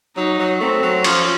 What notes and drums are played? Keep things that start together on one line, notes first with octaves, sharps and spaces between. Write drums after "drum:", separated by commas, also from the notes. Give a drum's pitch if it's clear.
F#3 D#4
F#3
A3 C4
F#3
F3 C#4, drum: cymbal